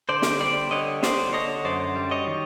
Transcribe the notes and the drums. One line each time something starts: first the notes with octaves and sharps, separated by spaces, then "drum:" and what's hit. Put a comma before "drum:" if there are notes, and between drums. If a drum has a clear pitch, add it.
D3 C5 D5
drum: snare
G3 C5 D5
D3 C#5 D#5
D3 C5 D5, drum: snare
D3 C#5 D#5
F#2 C5 D5
G3
C#5 D#5
D#3